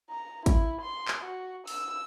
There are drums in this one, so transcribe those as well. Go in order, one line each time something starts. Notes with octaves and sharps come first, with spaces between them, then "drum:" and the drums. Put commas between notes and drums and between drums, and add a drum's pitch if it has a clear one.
A#5
E4, drum: kick, hi-hat
C6
drum: clap
F#4
E6, drum: open hi-hat